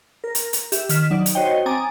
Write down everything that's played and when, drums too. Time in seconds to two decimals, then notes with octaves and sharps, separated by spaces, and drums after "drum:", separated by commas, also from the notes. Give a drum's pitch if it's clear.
0.24 A#4
0.35 drum: hi-hat
0.53 drum: hi-hat
0.72 G4 E5, drum: hi-hat
0.89 D#3 F6 B6 E7, drum: hi-hat
1.11 F#3 D#4 D5
1.26 drum: hi-hat
1.35 F#4 C5 C#5 D#5 G5
1.66 C4 G#5 A#5 D6 D#6 A6